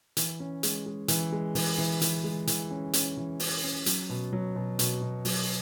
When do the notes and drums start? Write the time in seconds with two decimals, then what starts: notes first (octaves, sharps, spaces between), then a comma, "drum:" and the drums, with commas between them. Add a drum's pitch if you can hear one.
0.17 E3, drum: hi-hat
0.40 C#4
0.63 G#3, drum: hi-hat
0.86 G#3
1.08 E3, drum: hi-hat
1.32 G#3
1.55 E3, drum: open hi-hat
1.78 E3
2.01 E3, drum: hi-hat
2.24 G#3
2.47 E3, drum: hi-hat
2.71 C#4
2.93 C#4, drum: hi-hat
3.17 E3
3.40 C#4, drum: open hi-hat
3.63 C#4
3.86 F#3, drum: hi-hat
4.10 B2
4.33 F#3
4.56 B2
4.79 B2, drum: hi-hat
5.02 B2
5.25 F#3, drum: open hi-hat